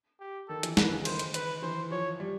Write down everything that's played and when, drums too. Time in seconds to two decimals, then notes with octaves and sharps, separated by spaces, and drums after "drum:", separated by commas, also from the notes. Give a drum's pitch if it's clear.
0.20 G4
0.49 D#3 A4
0.63 E3, drum: hi-hat
0.77 D#3 B4, drum: snare
0.91 C#3
1.02 E3
1.05 D#3 C5, drum: cymbal
1.19 drum: hi-hat
1.34 B4, drum: hi-hat
1.62 E3 C5
1.91 F3 C#5
2.20 G3